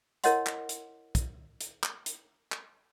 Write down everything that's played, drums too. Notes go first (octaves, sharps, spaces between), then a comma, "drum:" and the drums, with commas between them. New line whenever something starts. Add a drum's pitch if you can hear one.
E4 A#4 C#5 D#5 F#5 C6, drum: hi-hat
drum: clap
drum: hi-hat
drum: kick, hi-hat
drum: hi-hat
drum: clap
drum: hi-hat
drum: clap